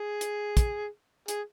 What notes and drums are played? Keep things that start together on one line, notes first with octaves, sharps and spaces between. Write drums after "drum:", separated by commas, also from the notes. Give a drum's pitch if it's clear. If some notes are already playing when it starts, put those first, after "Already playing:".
Already playing: G#4
drum: hi-hat
drum: kick, hi-hat
G#4, drum: hi-hat